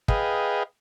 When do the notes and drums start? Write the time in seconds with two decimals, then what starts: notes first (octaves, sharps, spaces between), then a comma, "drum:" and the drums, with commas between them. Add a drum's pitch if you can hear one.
0.08 G#4 B4 D#5 F5 G5, drum: kick